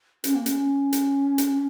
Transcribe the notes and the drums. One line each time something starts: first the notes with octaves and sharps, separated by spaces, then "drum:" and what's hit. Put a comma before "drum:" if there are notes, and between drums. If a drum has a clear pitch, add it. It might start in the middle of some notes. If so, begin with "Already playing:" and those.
C#4, drum: hi-hat
A#3
C#4, drum: hi-hat
drum: hi-hat
drum: hi-hat